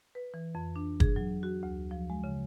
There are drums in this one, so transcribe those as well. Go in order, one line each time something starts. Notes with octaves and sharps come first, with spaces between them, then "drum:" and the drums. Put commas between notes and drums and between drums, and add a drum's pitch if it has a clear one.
B4
E3
F2
D4
G#4, drum: kick
F#3
F#4
D2
F3
G#3
C#3